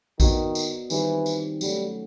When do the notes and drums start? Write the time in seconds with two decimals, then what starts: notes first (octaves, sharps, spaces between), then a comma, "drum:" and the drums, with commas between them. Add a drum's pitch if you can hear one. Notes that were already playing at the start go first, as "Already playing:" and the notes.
0.20 D#3 B3 D4 F#4 B4 D#5, drum: kick A#1, tambourine
0.55 drum: tambourine
0.90 D#3 E3 G3 C4 F4, drum: tambourine
1.26 drum: tambourine
1.61 F#3 G3 A3 C#4, drum: tambourine